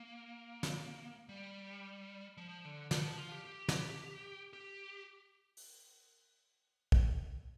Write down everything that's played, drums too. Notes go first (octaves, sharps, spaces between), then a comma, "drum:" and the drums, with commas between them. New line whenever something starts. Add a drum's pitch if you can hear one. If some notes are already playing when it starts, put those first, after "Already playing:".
Already playing: A#3
drum: snare
G3
F3
D3
D3, drum: snare
F3
F4
G4
G4
drum: snare
G4
drum: open hi-hat
drum: kick A#1